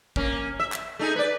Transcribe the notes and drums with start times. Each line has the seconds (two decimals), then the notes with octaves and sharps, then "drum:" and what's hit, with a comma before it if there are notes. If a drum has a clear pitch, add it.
0.16 A#3 C#4, drum: kick
0.60 E5
0.72 drum: clap
0.99 A3 D#4 G#4
1.16 B4 D5